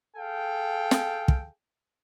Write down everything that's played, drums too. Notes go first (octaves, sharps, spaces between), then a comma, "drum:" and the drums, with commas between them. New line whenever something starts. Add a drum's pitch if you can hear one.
G#4 A4 F5 G5
drum: snare
drum: kick